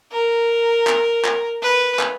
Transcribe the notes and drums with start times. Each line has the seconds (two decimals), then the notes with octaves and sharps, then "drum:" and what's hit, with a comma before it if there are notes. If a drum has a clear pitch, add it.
0.12 A#4
0.87 drum: clap
1.24 drum: clap
1.62 B4
1.99 drum: clap